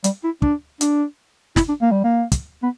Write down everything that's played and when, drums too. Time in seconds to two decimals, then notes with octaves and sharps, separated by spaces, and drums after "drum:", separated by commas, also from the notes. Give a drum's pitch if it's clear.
0.04 G3, drum: hi-hat
0.24 E4
0.42 D4, drum: kick
0.81 D4, drum: hi-hat
1.56 E4, drum: snare
1.68 D4
1.82 A#3
1.92 G3
2.04 A#3
2.32 drum: kick, hi-hat
2.63 B3